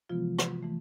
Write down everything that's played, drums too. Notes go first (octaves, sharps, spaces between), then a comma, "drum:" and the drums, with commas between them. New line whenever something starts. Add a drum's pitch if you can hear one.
C3 E3 F3 G#3 B3 F4
drum: rim click
E3 A3